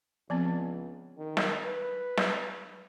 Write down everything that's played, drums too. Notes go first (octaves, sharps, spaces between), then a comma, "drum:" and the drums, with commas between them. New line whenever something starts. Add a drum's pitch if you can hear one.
C#2 F3 B3 C4
D#3
drum: snare
B4
drum: snare